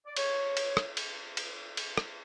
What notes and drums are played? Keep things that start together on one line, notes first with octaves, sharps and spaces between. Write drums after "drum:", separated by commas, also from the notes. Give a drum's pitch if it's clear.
D5
C#5, drum: cymbal
drum: cymbal
drum: rim click
drum: cymbal
drum: cymbal
drum: cymbal
drum: rim click